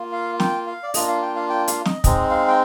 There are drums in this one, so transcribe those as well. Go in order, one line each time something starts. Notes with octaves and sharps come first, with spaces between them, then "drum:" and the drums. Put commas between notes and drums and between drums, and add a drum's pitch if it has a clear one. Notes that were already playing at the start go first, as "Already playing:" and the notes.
Already playing: A#3 F4
F5
G5, drum: snare
F5
D5
A#3 D4 F4 D#5, drum: open hi-hat
F5
G5
F5
G5
F5, drum: hi-hat
D#5, drum: snare
G#3 C4 D#4 D#5, drum: kick, hi-hat
F5
G5